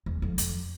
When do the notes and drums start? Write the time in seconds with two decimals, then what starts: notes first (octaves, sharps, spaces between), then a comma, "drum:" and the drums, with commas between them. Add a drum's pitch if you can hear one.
0.06 E2
0.22 F2
0.38 F2, drum: hi-hat